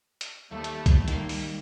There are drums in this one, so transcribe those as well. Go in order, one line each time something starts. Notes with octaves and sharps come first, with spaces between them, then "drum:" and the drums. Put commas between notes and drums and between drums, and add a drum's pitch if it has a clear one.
drum: hi-hat
D#2 G3 A3 A4
drum: hi-hat
drum: kick C2, hi-hat
D#3 A#3 C6, drum: hi-hat
drum: open hi-hat